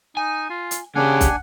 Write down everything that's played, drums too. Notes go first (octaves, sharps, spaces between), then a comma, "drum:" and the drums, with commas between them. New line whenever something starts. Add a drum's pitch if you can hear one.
D#4 G#5
F4
drum: hi-hat
C#3 A#3 D4 G4 F#5 G#5
drum: kick, hi-hat